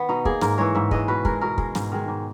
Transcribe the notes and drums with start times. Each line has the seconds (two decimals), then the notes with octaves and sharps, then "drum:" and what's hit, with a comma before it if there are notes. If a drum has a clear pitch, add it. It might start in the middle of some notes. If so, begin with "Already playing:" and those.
Already playing: D#3 B3
0.09 B2 D#4
0.25 A#3 G#4, drum: kick
0.41 G#2 A#4, drum: snare
0.58 E3 G#3 C#5
0.75 G#2 E5
0.91 E3 G#3 D#5, drum: kick
1.08 B2 B4
1.25 G#3 A#4, drum: kick
1.41 B2 A#4
1.58 G#3, drum: kick
1.75 G#2, drum: snare
1.92 D#3 G#3
2.08 G#2